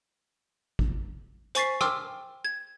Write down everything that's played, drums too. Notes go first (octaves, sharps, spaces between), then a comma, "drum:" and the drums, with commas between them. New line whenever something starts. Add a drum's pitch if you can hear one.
drum: kick A1
C5 G#5 C#6 A6 B6 C7, drum: hi-hat
G5 C6 D6 E6 F6, drum: rim click
G#6